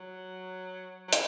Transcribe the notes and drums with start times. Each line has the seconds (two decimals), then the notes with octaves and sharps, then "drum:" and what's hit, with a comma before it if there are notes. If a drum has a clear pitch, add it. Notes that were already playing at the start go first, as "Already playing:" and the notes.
Already playing: F#3
1.08 F#3
1.13 E3, drum: hi-hat